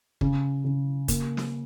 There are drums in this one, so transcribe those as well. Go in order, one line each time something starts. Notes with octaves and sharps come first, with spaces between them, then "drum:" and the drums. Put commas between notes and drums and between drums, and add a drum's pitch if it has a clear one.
C#3, drum: kick
C#3
A#3, drum: kick, hi-hat
drum: snare